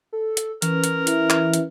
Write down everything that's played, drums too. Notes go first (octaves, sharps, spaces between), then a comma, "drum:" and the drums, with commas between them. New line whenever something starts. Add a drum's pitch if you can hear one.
A4
drum: hi-hat
E3 C#4 A#4 B4, drum: hi-hat
drum: hi-hat
E4, drum: hi-hat
drum: clap
drum: hi-hat